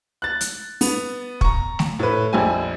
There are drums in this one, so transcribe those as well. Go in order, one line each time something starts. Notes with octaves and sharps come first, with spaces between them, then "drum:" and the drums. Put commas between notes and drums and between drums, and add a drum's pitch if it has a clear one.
F#6 A6
drum: hi-hat
B3, drum: open hi-hat
A#5 C#6, drum: kick
drum: snare A3
A2 B4
A#1 F2 G4 G#5